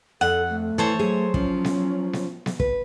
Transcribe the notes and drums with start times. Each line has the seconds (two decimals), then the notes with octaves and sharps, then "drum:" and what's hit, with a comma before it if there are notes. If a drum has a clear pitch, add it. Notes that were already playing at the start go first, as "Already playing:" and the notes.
0.21 F2 A4 F#5
0.50 A3
0.78 E3 A4 C5 C#5
0.99 F#3 G#4
1.34 F3 C#4, drum: kick
1.65 drum: snare B3
2.13 drum: snare B3
2.46 drum: snare B3
2.60 B4, drum: kick